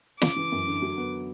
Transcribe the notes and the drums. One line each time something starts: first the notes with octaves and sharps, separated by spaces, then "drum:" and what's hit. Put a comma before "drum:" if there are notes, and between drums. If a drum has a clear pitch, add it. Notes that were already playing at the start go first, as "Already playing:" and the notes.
C#3 D6, drum: snare
E3
F#2
D3
F#3
B3